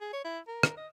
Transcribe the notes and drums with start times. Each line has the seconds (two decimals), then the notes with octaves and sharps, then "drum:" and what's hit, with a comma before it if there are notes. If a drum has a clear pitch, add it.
0.01 G#4
0.13 C#5
0.24 E4
0.47 A#4
0.63 drum: rim click
0.77 D#5